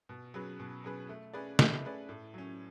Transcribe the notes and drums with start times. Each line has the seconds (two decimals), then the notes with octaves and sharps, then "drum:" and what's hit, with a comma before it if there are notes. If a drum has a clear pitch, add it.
0.09 B2
0.34 F#3 C#4 G#4 B4
0.60 B2
0.84 F#3 C#4 G#4 B4
1.09 A3
1.34 C#4 G#4 B4 D5
1.59 A3, drum: snare
1.84 C#4 G#4 B4 D5
2.09 A2
2.34 F#3 C#4